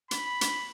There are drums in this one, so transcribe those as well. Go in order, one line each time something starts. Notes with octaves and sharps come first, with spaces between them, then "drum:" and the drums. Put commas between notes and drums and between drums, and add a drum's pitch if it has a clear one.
B5, drum: hi-hat
drum: hi-hat